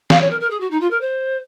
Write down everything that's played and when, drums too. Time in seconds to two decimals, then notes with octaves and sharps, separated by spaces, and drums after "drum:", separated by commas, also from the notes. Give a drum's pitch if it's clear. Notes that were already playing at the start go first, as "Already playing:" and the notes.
0.10 F5, drum: snare
0.21 C#5
0.30 A#4
0.40 A#4
0.50 G#4
0.60 F#4
0.71 D#4
0.81 F4
0.90 A#4
1.01 C5